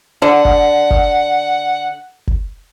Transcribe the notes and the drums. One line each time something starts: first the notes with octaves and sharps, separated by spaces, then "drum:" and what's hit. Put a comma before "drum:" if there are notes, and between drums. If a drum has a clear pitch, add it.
D3 F#5
drum: kick G1
drum: kick G1
drum: kick G1